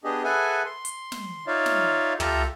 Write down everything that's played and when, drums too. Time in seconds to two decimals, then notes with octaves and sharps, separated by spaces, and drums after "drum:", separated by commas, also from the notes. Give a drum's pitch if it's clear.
0.04 B3 D4 G4 G#4 D#5
0.24 G#4 A4 B4 E5 F#5 G#5
0.66 C6
0.85 drum: hi-hat
1.12 drum: snare
1.47 D#4 F4 C#5 D5 E5 F5
1.66 drum: snare
2.20 F4 G4 A4 E5 A#5, drum: tom